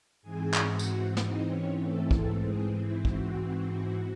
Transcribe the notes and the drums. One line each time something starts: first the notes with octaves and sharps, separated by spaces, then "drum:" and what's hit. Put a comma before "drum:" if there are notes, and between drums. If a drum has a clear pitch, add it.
G#2 E3 C4 G#4 G#5
drum: clap
F#4 F#5
drum: tambourine
D#4 D#5, drum: snare
C#4 C#5
A3 A4
A3 A4, drum: kick
G#3 G#4
E4
F#4, drum: kick